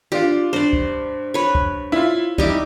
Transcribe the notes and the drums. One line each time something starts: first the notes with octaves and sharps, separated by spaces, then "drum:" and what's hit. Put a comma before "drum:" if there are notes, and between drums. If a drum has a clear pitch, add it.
D4 F4 G4
G2 C5 D5
drum: kick
B4 C#5
drum: kick
E4 F4
G3 D#4 E4 G4 D6, drum: kick